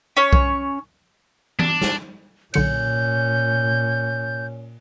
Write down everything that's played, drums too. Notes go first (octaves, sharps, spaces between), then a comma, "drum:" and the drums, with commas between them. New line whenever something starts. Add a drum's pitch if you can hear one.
C#4 C#5
drum: kick B1
D4, drum: tom
drum: snare
B1 A#2 D3 C#4 G6 C#7, drum: cymbal